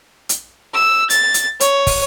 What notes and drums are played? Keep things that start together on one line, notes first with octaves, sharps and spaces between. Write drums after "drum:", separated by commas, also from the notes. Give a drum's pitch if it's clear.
drum: hi-hat
E6
A6, drum: hi-hat
drum: hi-hat
C#5, drum: hi-hat
drum: kick, open hi-hat